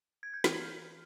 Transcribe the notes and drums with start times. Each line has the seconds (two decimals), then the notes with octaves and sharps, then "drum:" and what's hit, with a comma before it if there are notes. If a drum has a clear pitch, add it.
0.23 G#6
0.34 G6
0.44 E3 F6, drum: snare